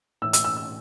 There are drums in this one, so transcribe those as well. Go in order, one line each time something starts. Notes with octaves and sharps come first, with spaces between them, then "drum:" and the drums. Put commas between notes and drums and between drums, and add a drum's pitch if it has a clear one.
A2 E3 E6
E6, drum: hi-hat
E6
E6